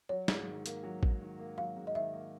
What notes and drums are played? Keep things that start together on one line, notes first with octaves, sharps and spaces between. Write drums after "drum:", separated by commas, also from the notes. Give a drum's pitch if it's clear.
F#3 C#5
G#2, drum: snare
D#3
A#3, drum: hi-hat
F#3
G#2, drum: kick A1
D#3
A#3
F#3 F5
G#2
D#5
D#3 E5
A#3